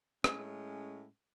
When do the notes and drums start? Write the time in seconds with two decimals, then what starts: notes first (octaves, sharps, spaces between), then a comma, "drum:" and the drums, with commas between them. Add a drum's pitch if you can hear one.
0.24 A2 G#3 C#4, drum: rim click